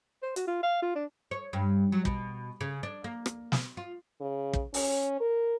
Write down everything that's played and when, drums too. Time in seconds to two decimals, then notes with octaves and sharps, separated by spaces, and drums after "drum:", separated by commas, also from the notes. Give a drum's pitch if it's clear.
0.23 C5
0.36 F#4, drum: hi-hat
0.47 F4
0.63 F5
0.82 F4
0.95 D4
1.31 C#5
1.53 G2
1.92 F#3
2.05 B2, drum: kick
2.61 C#3
2.83 D4
3.04 A#3
3.26 drum: rim click
3.52 drum: snare
3.77 F4
4.21 C#3
4.53 drum: kick
4.74 C#4, drum: open hi-hat
5.20 A#4